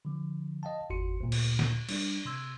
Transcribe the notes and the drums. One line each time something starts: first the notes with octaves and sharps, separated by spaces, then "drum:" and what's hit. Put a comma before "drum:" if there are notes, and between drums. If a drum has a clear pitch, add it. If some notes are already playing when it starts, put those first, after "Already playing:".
D3 F3
D#5 F5 G5 A5
G1 E2 F#4 C6 C#7
D2 A#2
drum: cymbal
drum: snare
G3 D4 D5, drum: cymbal
C3 C6 E6 G#6